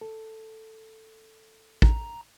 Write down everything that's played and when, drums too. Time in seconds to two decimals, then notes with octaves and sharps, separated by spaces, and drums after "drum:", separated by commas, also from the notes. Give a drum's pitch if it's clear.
0.01 A4
1.82 A#5, drum: kick